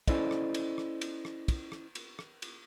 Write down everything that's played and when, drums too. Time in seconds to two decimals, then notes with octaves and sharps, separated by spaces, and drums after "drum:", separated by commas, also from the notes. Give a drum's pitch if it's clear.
0.08 C#4 E4 A4 C5 D5 D#5, drum: kick, cymbal
0.31 drum: rim click
0.54 drum: cymbal
0.78 drum: rim click
1.01 drum: cymbal
1.25 drum: rim click
1.48 drum: kick, cymbal
1.72 drum: rim click
1.95 drum: cymbal
2.19 drum: rim click
2.42 drum: cymbal